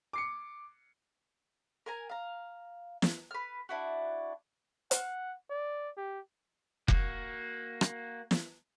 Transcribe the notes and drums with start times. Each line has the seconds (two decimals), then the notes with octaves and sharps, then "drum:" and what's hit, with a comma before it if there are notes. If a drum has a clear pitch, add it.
0.13 D6 C7 C#7
1.86 A#4 G#5 A#5
2.09 F5 A#5
3.02 drum: snare
3.31 B4 F6
3.69 D4 E4 F#4
4.91 F#5, drum: hi-hat
5.50 D5
5.97 G4
6.88 A#3 F#4, drum: kick F1
7.81 drum: rim click
8.31 drum: snare